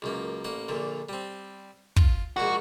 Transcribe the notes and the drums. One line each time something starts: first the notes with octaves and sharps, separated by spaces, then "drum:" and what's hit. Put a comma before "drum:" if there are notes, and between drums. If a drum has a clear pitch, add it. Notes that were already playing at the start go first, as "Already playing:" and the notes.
C#2 F#2 A#3
A1 A#3 F#5
A#1 A#2 D3
G3 C4
F4, drum: kick
A#1 G#2 A#3 F#4